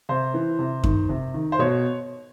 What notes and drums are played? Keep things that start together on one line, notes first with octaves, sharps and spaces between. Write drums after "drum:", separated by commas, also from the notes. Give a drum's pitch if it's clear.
C3 C5
E3
C3
D#3, drum: kick F#2
C3
D#3
C5
B2 C#5